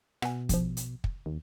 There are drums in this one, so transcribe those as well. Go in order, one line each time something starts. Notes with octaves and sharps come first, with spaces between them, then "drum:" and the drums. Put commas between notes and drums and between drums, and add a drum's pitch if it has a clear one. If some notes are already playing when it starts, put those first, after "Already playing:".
B2 F#5 G#5, drum: rim click
A#1 F3, drum: kick, hi-hat
drum: hi-hat
drum: kick
D#2